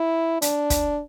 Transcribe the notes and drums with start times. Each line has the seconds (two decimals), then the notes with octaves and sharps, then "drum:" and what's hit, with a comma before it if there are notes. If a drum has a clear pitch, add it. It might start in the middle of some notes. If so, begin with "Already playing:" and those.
Already playing: E4
0.42 D4, drum: hi-hat
0.70 drum: kick, hi-hat